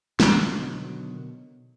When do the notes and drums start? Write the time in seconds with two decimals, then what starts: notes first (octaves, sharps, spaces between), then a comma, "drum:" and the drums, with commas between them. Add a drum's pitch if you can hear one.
0.20 B2 D3 D#3 F#3, drum: snare